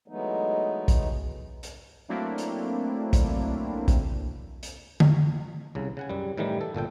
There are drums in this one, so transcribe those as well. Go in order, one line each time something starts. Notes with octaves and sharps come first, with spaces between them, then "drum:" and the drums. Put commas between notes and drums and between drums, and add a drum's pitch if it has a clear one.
E3 F#3 G#3 A3 B3 D#4
drum: kick A#1, hi-hat
drum: hi-hat
F#3 A3 A#3 C4 D4 E4
drum: hi-hat
drum: kick A#1, hi-hat
drum: kick A#1, hi-hat
drum: hi-hat
drum: tom D3
C2 C#3
C#3 F#5 G#5
F#2 G3
A2 D#3 E3 G3
A4
G1 A#2 A4 G5